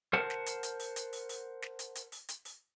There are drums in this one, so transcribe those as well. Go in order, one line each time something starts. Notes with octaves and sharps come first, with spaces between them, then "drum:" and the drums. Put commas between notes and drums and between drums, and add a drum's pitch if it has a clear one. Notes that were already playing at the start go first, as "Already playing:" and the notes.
A#4 C5 F#5 A5
drum: snare
drum: hi-hat
drum: hi-hat
drum: open hi-hat
drum: hi-hat
drum: open hi-hat
drum: open hi-hat
drum: snare
drum: hi-hat
drum: hi-hat
drum: open hi-hat
drum: hi-hat
drum: open hi-hat